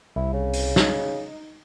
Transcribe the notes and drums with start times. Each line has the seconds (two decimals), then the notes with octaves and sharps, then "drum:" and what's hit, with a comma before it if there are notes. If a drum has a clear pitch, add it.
0.16 C2 E4
0.33 C#3
0.53 drum: open hi-hat
0.76 D#4, drum: snare